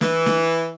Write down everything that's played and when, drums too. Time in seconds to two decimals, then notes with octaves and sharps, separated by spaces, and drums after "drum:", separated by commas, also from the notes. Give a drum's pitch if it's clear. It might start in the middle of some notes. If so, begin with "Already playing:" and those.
0.01 E3, drum: snare
0.26 drum: snare